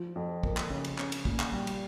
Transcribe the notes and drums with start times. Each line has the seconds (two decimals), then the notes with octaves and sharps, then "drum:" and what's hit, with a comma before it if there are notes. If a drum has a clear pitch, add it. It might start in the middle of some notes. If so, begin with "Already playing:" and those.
Already playing: F3
0.16 F2
0.43 A#3, drum: kick
0.57 drum: clap
0.70 C#3
0.84 drum: cymbal
0.98 C#4, drum: clap
1.12 drum: cymbal
1.25 A#2, drum: kick
1.40 drum: clap
1.53 G3
1.67 drum: cymbal